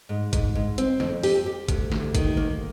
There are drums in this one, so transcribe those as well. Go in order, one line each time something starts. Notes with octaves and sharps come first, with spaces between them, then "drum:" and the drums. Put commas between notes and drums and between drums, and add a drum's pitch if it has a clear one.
G#2
G#2, drum: kick G#1, hi-hat
G#2
C4, drum: hi-hat
F2, drum: snare
G4, drum: open hi-hat
G4
D2, drum: kick G#1, hi-hat
D2, drum: snare
D#3, drum: kick G#1, hi-hat
A#3